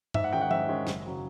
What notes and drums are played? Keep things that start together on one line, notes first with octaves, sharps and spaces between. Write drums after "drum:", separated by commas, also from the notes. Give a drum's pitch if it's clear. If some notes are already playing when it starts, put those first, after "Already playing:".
G#2 E5, drum: tom G2
F#5
D#3 G#3 C#4 G5
F#5
G#2 E5, drum: tom
D#3 G#3 C#4
F#1, drum: snare
C#3 F#3